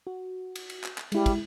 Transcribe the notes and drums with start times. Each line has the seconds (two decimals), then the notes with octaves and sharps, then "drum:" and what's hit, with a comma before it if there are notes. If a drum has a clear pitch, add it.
0.07 F#4
0.56 drum: cymbal
0.70 drum: cymbal
0.84 drum: clap
0.98 drum: clap
1.12 G3 G#3 E4, drum: cymbal
1.26 drum: kick, cymbal